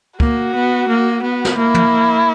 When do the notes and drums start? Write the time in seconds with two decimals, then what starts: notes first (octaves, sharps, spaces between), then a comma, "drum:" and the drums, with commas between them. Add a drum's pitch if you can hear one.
0.20 A#3 F#4, drum: kick
0.55 B3
0.88 A#3
1.23 B3
1.45 drum: snare
1.57 A#3 E4
1.74 drum: tom